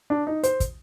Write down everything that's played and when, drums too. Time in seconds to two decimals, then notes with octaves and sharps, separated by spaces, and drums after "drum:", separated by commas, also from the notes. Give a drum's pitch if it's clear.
0.10 D4
0.27 D#4
0.43 C5, drum: hi-hat
0.60 drum: kick, hi-hat